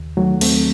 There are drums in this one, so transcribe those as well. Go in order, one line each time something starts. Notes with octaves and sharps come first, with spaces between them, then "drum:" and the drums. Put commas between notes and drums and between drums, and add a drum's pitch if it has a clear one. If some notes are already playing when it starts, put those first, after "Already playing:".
Already playing: D#2
D#3 F#3 A3
D#2 A3 C4, drum: cymbal